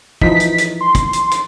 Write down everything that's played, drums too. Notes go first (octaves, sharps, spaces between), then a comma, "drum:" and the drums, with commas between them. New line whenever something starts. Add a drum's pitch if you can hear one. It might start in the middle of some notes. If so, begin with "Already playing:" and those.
E3 F3 D#4 B6, drum: kick
drum: hi-hat
drum: hi-hat
C6
drum: kick, hi-hat
drum: hi-hat
drum: hi-hat